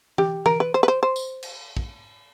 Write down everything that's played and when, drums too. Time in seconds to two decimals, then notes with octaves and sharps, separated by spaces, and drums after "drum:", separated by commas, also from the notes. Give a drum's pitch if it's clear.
0.18 G4, drum: tom E3
0.46 A#4, drum: tom E3
0.60 B4
0.74 C5
0.83 B4
0.88 C5
1.03 C5
1.16 drum: tambourine
1.43 drum: cymbal
1.77 drum: kick